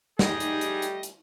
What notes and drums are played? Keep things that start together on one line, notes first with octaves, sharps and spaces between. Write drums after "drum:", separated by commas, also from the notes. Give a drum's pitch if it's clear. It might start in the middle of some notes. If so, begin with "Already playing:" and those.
G3 A3 D#4 G4 G#4 D#5, drum: snare
drum: hi-hat
drum: hi-hat
drum: hi-hat
drum: hi-hat